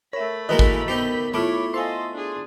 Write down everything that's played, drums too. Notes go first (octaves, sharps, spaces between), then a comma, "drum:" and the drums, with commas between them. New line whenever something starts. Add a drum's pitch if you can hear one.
A3 A#4 C#5 E5 B5
E3 G#3 A#3 F#4 A#4 B4 D#5
drum: kick G#1
B3 D#4 G4 C5
A3 E4 F4 C#5 A5 B5 D6
A4 C5 D#5 F5 G#5 C6
D4 G#4